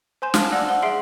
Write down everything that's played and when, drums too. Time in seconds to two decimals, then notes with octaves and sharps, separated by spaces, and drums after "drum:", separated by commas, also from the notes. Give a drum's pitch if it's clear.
0.22 C5 G#5 C6 G6 E7
0.34 F5 A5 F6, drum: snare
0.52 D5 F#5 E6 F#6 A#6 F#7
0.69 C5 F#5 G7
0.82 G#4 E5 C6 C7 D7 F#7